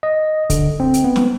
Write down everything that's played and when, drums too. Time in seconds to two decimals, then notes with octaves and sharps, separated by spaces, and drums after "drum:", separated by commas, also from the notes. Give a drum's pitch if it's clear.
0.03 D#5
0.50 D3, drum: kick, hi-hat
0.80 C4
0.94 drum: hi-hat
1.04 B3
1.16 drum: snare